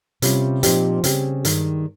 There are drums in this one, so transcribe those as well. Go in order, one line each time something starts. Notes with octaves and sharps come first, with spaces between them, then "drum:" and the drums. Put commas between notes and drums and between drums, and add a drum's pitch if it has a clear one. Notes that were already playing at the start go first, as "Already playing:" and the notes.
C3 G3 C#4 F4, drum: hi-hat
A#2 F3 C4 D#4 G4, drum: hi-hat
C#3 G3 C4 G4, drum: hi-hat
G2 D#3 G#3, drum: hi-hat